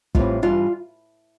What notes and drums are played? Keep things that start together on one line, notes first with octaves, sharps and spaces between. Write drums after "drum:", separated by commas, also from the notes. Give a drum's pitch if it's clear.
A2 E3 G3 C4 F4, drum: kick
G2 E3 G3 F4